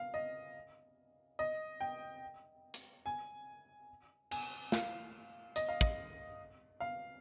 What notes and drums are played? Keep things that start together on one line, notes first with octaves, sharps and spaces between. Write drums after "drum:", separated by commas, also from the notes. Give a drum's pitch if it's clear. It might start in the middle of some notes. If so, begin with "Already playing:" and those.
Already playing: F5
D#5
D#5
G5
drum: hi-hat
G#5
G#5, drum: cymbal
F5, drum: snare
D#5, drum: hi-hat
F5
D#5, drum: kick
F5